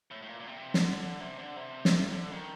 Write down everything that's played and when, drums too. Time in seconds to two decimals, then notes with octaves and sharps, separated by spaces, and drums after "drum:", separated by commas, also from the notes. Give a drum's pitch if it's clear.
0.11 A2
0.22 A2
0.28 A#2
0.40 A#2
0.47 C3
0.74 D3, drum: snare
1.02 D3
1.21 C3
1.39 D3
1.57 C3
1.85 drum: snare
2.12 D3
2.31 D#3